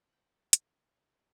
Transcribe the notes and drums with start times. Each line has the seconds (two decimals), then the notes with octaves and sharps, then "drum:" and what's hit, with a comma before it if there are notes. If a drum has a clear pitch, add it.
0.09 F#5 G5
0.34 A4
0.53 C#3, drum: hi-hat
0.92 A4 C#5